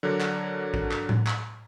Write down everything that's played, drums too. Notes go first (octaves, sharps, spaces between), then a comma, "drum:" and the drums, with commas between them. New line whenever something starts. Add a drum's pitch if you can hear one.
D3 F#3 D4 A#4
drum: clap
drum: kick
drum: clap
drum: tom A2
drum: clap